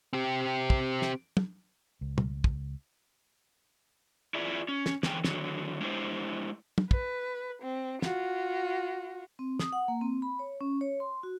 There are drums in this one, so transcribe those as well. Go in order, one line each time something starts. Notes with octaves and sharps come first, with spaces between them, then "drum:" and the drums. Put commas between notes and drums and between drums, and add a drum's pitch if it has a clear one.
C4 G4
drum: kick
drum: snare
drum: tom
C#2
drum: tom
drum: kick
E4 F4 G#4 D5 E5
C#4
drum: snare
E2 D3 E3 B3 G#4 G5, drum: snare
D3 D#3 F#3, drum: snare
G#3 D4 E4 G4 C5
drum: tom
B4, drum: kick
C4
F4 F#4, drum: snare
C4
D#6, drum: snare
F#5
A#3
C4
B5
C#5
C#4
C#5
C6
F#4